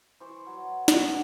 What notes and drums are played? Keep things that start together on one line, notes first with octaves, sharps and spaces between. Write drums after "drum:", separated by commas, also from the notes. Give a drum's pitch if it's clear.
E3 C5 C#6 D6
F#3
C#6, drum: snare
B3 D4 B4